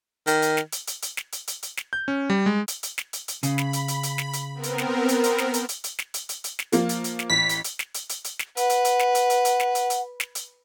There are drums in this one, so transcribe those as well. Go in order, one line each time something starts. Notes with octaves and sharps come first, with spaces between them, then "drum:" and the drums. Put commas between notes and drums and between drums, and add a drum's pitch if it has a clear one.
D#3, drum: hi-hat
drum: hi-hat
drum: snare
drum: hi-hat
drum: hi-hat
drum: hi-hat
drum: snare
drum: hi-hat
drum: hi-hat
drum: hi-hat
drum: snare
G6
C#4
G3
G#3
drum: hi-hat
drum: hi-hat
drum: snare
drum: hi-hat
drum: hi-hat
C#3 B5, drum: hi-hat
drum: snare
drum: hi-hat
drum: hi-hat
drum: hi-hat
drum: snare
drum: hi-hat
B3 C4 A#4
drum: hi-hat
drum: snare
drum: hi-hat
drum: hi-hat
drum: snare
drum: hi-hat
drum: hi-hat
drum: hi-hat
drum: snare
drum: hi-hat
drum: hi-hat
drum: hi-hat
drum: snare
F3 A#3 F4, drum: hi-hat
drum: hi-hat
drum: hi-hat
drum: snare
A1 B6
drum: hi-hat
drum: hi-hat
drum: snare
drum: hi-hat
drum: hi-hat
drum: hi-hat
drum: snare
B4 F#5, drum: hi-hat
drum: hi-hat
drum: hi-hat
drum: snare
drum: hi-hat
drum: hi-hat
drum: hi-hat
drum: snare
drum: hi-hat
drum: hi-hat
drum: snare
drum: hi-hat